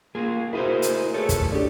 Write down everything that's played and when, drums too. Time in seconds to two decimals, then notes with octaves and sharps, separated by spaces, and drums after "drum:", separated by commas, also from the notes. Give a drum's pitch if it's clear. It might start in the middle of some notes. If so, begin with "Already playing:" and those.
0.15 A#3 F4 G#4
0.53 E4 F#4 G#4 A#4 C5 E5
0.82 drum: hi-hat
1.14 A3 G#4 A4 B4 C#5
1.29 drum: kick, hi-hat
1.52 C#4 D4 G4 A4 D5